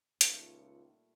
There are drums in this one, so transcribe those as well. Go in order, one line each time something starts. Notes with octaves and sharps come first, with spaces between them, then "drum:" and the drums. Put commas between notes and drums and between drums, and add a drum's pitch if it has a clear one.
C#2 A#2 G3 A3 D#4 F4 F5 C#7, drum: hi-hat